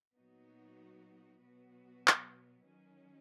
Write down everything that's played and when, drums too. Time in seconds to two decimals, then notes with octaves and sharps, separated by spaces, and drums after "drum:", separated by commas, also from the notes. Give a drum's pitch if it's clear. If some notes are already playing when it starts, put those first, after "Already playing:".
0.15 A#2 F#3 B3 D#4 F#4
1.41 B2 F#3 B3 F#4 B4
2.08 drum: clap
2.67 D#3 F#3 C#4